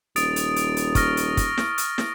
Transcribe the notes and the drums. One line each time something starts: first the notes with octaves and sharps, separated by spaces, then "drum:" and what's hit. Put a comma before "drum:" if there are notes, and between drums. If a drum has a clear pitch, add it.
D#1 D#6 A6 D7, drum: hi-hat
drum: hi-hat
drum: hi-hat
drum: hi-hat
C#6 F6 A#6, drum: kick, hi-hat
drum: hi-hat
drum: kick, hi-hat
drum: snare
drum: hi-hat
drum: snare